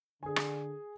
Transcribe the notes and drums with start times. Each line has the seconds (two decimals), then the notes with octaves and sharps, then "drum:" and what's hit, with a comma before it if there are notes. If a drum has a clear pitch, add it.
0.23 D3 G#4 G#5
0.36 drum: rim click